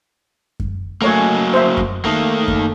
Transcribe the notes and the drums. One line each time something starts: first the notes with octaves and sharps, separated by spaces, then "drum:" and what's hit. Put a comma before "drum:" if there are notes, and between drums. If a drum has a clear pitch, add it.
drum: kick F#2
F#3 A3 A#3 C#5 D#5 G#5 C#6
C5 E5
drum: kick F#2
D#3 A3 A#3
drum: kick F#2